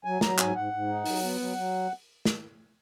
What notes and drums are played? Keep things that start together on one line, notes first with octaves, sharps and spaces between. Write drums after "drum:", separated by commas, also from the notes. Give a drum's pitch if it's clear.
F#3 G#5
F#3 A#5, drum: snare
G#2 G#5, drum: clap
G#2 F#5
G#2
D#4
F#3, drum: open hi-hat
B3
F#3
F#3
drum: snare